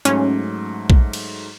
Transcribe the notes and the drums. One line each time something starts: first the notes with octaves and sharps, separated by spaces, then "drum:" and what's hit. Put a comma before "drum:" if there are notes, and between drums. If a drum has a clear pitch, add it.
G#2 F#3 A3 C#4, drum: hi-hat
drum: kick A#1
drum: cymbal